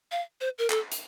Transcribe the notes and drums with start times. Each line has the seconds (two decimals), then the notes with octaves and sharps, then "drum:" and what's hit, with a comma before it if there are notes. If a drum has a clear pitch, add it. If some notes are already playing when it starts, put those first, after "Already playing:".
0.12 F5
0.41 C5
0.58 A#4
0.70 A4, drum: clap
0.92 drum: hi-hat